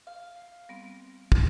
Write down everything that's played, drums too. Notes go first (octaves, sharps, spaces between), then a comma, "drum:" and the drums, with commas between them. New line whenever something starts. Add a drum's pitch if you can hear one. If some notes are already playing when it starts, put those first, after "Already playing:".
F5
G3 B3 C4
drum: kick